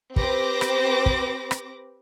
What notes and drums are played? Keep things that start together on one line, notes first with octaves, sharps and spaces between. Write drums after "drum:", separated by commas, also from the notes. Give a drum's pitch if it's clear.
C4 G4 B4 C5 D6 A#6, drum: kick
drum: rim click
drum: kick
drum: rim click